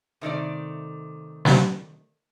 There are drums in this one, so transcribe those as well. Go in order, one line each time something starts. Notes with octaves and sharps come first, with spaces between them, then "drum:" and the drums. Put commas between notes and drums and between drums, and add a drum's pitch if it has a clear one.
C3 D#3 A3 D5
drum: snare